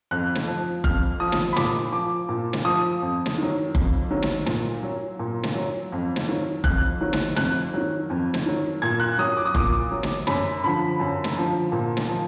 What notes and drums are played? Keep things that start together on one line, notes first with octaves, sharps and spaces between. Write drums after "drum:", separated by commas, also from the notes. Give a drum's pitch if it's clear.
F2 F#6
drum: snare
F3
F2 F6, drum: kick F#1
F3 D#6
drum: snare
B5
A#2 D6, drum: snare
F3 D6
A#2
drum: snare
F3 D#6
F2
drum: snare
D#3 F#3
F2, drum: kick F#1
D#3 F#3
drum: snare
A#2, drum: snare
F#3
A#2
drum: snare
F#3
F2
drum: snare
D#3 F#3
F2 F#6, drum: kick F#1
D#3 F#3
drum: snare
F2 F#6, drum: snare
D#3 F#3
F2
drum: snare
D#3 F#3
A#2 G#6
F#6
F#3 D#6
D6
D#6
A#2 D6, drum: kick F#1
F#3
drum: snare
F#2 B5, drum: snare
D3 F3 B5
F#2
drum: snare
D3 F3
A#2
drum: snare
F3